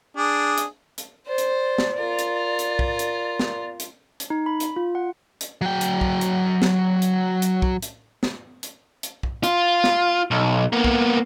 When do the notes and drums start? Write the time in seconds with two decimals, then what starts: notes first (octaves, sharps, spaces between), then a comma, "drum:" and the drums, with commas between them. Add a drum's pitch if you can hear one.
0.17 D4 G#4
0.58 drum: hi-hat
0.98 drum: hi-hat
1.27 C5 D5
1.38 drum: hi-hat
1.78 drum: snare
1.99 F4 A#4
2.19 drum: hi-hat
2.59 drum: hi-hat
2.79 drum: kick B1
2.99 drum: hi-hat
3.39 drum: snare
3.80 drum: hi-hat
4.20 drum: hi-hat
4.30 D#4
4.46 B5
4.60 drum: hi-hat
4.76 F4
4.95 F#5
5.41 drum: hi-hat
5.61 F#3 G5
5.81 drum: hi-hat
6.01 drum: kick B1
6.21 drum: hi-hat
6.62 drum: snare
7.02 drum: hi-hat
7.42 drum: hi-hat
7.62 drum: kick B1
7.82 drum: hi-hat
8.23 drum: snare
8.63 drum: hi-hat
9.03 drum: hi-hat
9.23 drum: kick B1
9.44 F4, drum: hi-hat
9.84 drum: snare
10.31 B1
10.73 A#3 B3
10.84 drum: kick B1